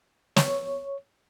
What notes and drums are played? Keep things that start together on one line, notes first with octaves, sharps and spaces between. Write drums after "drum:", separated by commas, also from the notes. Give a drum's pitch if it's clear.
C#5, drum: snare